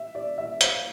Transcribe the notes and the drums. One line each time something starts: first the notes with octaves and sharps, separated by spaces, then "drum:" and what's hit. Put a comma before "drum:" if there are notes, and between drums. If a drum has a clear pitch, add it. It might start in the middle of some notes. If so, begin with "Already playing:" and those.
Already playing: E5
D5
E5
F5, drum: hi-hat